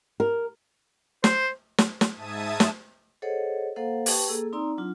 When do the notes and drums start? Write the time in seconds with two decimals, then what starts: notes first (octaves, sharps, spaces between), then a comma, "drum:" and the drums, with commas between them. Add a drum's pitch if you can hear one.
0.20 A#4
1.24 C5, drum: snare
1.78 drum: snare
2.01 drum: snare
2.13 G#2 E5 A5 D#6 G#6 D#7
2.60 drum: snare
3.22 G#4 A4 C5 C#5 D#5 F#5
3.76 A#3 A4 C5 F5 F#5
4.06 G4 B4 G5 A5 C#6, drum: open hi-hat
4.29 A#3 G#4 A4 E6
4.53 C4 D#4 D5 A#5 C6 E6
4.78 F#3 D4 F4